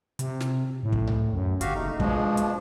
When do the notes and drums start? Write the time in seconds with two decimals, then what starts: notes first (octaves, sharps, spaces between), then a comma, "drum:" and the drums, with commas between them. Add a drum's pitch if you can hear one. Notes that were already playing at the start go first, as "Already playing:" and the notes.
0.19 C3, drum: hi-hat
0.40 drum: snare
0.83 A2
0.92 drum: kick
1.07 drum: tom C2
1.33 F#2
1.61 G1 F#4 G4 F5, drum: hi-hat
1.75 F#1 A3 D#4
2.00 B2 F3 G#3 D4, drum: kick
2.37 drum: hi-hat